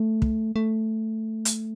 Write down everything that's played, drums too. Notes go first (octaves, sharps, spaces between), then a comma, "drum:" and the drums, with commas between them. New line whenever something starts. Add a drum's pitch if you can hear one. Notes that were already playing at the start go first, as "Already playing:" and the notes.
Already playing: A3
drum: kick
A3
drum: hi-hat